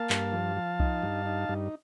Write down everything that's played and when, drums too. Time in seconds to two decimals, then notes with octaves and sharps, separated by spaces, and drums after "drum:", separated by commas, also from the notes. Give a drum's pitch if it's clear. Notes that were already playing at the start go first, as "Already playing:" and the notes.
Already playing: A#3 F5 A5
0.10 G2, drum: clap
0.32 F3
0.57 F3
0.80 D#4, drum: kick C2
1.03 G2
1.26 D#4
1.49 G2